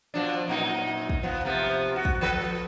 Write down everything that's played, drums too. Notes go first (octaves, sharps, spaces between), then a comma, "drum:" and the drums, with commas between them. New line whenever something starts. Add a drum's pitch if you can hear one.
B2 F3 D4
F#2 A#2 D#4
drum: kick
F3 B3
C3 F3 B3
F#4
drum: kick
F3 A4 B4